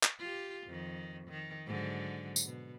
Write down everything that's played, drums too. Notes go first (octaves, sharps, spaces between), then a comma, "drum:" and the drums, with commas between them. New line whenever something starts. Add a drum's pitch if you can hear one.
drum: clap
F4 G4
F2 D#3
D#3
G#2 D3 F#3
drum: tambourine
B2